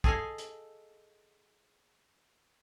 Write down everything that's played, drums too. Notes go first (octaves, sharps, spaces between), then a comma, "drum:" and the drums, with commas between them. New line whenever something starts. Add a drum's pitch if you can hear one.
G#4 A4 D#5 F5 G#5, drum: kick A#1
drum: hi-hat